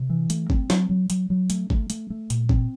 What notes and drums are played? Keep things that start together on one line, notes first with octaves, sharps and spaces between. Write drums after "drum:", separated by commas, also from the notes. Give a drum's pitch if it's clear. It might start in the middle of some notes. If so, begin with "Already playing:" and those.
Already playing: C3
E3
A3, drum: hi-hat
C4, drum: kick
F#3, drum: snare
F#3
F#3, drum: hi-hat
F#3
A3, drum: hi-hat
A3, drum: kick
A3, drum: hi-hat
A3
A#2, drum: hi-hat
C4, drum: kick